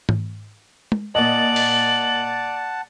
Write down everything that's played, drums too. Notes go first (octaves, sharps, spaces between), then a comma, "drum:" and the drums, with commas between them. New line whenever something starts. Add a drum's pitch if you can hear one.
drum: tom G#2
drum: tom
A#2 D5 D#5 F#5 A5 F#7
drum: open hi-hat